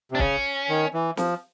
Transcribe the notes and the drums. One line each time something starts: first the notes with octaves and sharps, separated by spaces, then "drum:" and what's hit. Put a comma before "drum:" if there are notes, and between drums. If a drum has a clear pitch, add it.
C3 D4
C#3 C#4, drum: kick
D#3
E3
F3, drum: snare